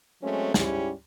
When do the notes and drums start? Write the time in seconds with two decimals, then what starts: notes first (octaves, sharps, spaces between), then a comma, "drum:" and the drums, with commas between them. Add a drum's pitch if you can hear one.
0.22 F#3 G#3 A3 C4 C#4
0.54 G#2 G3 C#4 E4 G4, drum: snare